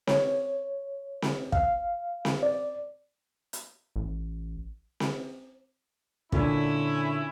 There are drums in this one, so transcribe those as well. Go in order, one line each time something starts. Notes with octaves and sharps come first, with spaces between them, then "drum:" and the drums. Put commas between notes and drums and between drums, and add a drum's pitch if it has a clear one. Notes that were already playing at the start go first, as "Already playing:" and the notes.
C#5, drum: snare C4
drum: snare C4
F5, drum: kick
drum: snare C4
D5
drum: hi-hat
A1
drum: snare C4
A#2 D3 C#4 E4, drum: kick